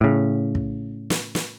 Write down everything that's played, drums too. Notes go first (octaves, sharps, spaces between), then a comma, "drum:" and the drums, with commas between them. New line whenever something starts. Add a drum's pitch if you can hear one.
A2 C#3
drum: kick
drum: snare
drum: snare